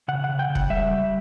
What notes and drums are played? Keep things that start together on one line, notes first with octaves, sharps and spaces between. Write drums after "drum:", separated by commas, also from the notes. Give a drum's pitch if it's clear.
C#3 F#5
F#5
C#3
G5
C#3
F#5, drum: kick
G3 E5
G3